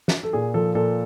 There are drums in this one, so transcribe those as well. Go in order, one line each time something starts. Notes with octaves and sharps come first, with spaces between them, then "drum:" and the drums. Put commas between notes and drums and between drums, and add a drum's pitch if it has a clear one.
drum: snare
A4
A#2 G#4
F3 A4
A#2 A4